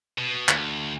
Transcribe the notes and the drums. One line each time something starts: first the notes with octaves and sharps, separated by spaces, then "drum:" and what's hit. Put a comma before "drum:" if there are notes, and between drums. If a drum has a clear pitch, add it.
B2
D2, drum: clap